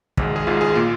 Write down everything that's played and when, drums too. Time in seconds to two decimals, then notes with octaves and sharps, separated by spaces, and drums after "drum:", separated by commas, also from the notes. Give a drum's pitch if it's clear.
0.17 G#1 G#2 G#3, drum: kick
0.36 G#4
0.47 G#1 G#2 G#3 F4
0.61 G#4
0.75 A#2 A#3 F4